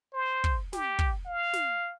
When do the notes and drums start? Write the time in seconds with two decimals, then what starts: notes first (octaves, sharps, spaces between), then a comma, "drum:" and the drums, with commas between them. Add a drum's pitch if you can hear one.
0.13 C5
0.44 drum: kick
0.73 G4, drum: snare
0.99 drum: kick
1.26 F5
1.53 drum: snare